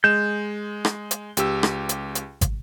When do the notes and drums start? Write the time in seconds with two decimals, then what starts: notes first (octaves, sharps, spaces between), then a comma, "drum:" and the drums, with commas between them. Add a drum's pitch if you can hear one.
0.04 G#3 G6 E7
0.85 drum: rim click
1.11 drum: hi-hat
1.37 C#2 G4 E6, drum: hi-hat
1.63 drum: rim click
1.89 drum: hi-hat
2.15 drum: hi-hat
2.41 drum: kick, hi-hat